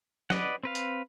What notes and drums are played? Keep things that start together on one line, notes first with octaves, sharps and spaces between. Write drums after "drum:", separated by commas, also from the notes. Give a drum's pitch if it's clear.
B4 D5 D#5 F#5, drum: snare
C4 B4 F5
drum: hi-hat